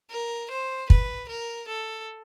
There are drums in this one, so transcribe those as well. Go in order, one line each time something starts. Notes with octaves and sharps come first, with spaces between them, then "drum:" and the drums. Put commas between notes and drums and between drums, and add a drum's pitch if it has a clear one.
A#4
C5
B4, drum: kick
A#4
A4